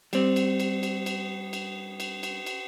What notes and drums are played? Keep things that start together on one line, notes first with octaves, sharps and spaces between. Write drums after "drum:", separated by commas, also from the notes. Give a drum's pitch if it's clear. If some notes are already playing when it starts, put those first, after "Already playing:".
G3 C4, drum: cymbal
drum: cymbal
drum: cymbal
drum: cymbal
drum: cymbal
drum: cymbal
drum: cymbal
drum: cymbal
drum: cymbal